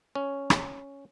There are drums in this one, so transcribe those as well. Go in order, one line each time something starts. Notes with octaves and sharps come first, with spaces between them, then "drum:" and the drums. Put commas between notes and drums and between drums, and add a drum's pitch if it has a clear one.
C#4
drum: rim click